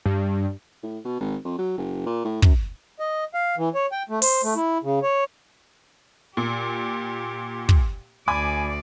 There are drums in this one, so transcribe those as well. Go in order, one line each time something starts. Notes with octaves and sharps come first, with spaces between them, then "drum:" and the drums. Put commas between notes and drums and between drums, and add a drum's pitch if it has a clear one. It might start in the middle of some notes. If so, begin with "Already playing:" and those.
G2
A2
B2
G#1
F2
F#3
F#1
A#2
A2
F#2, drum: kick
D#5
F5
E3
C#5
G5
A3
C5, drum: open hi-hat
A3
E4
C#3
C#5
A#2 G4
drum: kick
D2 D5 G#5 B5 D6